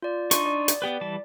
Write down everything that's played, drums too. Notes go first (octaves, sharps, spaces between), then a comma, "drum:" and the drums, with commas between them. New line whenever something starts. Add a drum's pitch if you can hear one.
F4 D5
D4 D#4 C6 C#6, drum: hi-hat
D5
drum: hi-hat
B3 G4 B4
E3 G3 A5